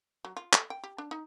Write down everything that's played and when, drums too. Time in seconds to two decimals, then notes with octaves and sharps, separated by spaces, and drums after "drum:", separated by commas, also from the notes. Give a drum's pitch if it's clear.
0.25 F#3
0.37 F4
0.53 A3, drum: clap
0.70 G5
0.84 G4
0.98 D4
1.11 D#4